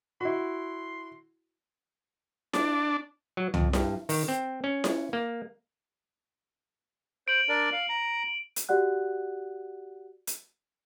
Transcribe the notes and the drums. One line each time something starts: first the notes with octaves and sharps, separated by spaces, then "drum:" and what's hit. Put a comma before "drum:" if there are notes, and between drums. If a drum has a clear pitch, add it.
E4 F#4 C6
D4, drum: snare E4
F#3
F2, drum: tom
G2, drum: snare E4
D#3, drum: open hi-hat
C4
C#4
drum: snare E4
A#3
C5 D7 F#7
D4 A#4 D5
F5
A#5
drum: hi-hat
F#4 G4 D5 F#5 F#6
drum: hi-hat